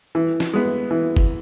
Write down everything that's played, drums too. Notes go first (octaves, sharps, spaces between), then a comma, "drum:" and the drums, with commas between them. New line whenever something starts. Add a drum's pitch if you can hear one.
E3
drum: snare
G#3 B3
E3
drum: kick F#1